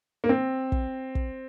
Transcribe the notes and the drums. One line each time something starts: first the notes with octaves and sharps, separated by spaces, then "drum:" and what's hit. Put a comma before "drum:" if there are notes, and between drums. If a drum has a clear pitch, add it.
A#3
C4
drum: kick
drum: kick